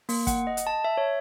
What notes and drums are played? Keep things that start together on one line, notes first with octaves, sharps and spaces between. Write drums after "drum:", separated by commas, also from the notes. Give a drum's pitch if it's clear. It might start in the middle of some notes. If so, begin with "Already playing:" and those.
A#3, drum: open hi-hat
F#5, drum: kick, hi-hat
D#5
drum: hi-hat
A5
E5
C#5